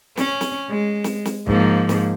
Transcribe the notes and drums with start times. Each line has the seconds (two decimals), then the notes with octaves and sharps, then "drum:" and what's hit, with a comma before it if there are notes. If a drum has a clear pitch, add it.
0.17 C#4, drum: snare
0.41 drum: snare
0.70 G#3
1.04 drum: snare
1.25 drum: snare
1.47 G#2 F3 A#3, drum: kick
1.89 drum: snare